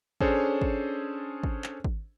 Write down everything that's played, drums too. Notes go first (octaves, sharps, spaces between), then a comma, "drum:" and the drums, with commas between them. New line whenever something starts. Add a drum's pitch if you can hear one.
C#4 D4 G#4 A4 C5 C#5, drum: kick G#1
drum: kick G#1
drum: kick G#1
drum: clap
drum: kick G#1